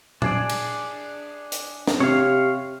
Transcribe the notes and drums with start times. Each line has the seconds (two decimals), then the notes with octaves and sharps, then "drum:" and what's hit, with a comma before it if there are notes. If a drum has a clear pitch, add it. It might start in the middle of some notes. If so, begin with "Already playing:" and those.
0.22 D4 G#4 D5, drum: tom
0.49 drum: cymbal
1.52 drum: hi-hat
1.87 drum: snare
2.00 C3 G4 C#5 F5